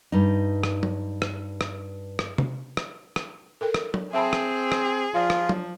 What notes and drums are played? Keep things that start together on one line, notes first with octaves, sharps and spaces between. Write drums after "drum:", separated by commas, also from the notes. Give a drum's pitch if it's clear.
G2 D#4
drum: rim click
drum: tom F#3
drum: rim click
drum: rim click
drum: rim click
drum: tom C3
drum: rim click
drum: rim click
A4 A#4 G5
drum: rim click
drum: tom F#3
C4 G#4 E5 A5 B5
drum: rim click
drum: rim click
F3 F4 D5 F5
drum: rim click
drum: tom F#3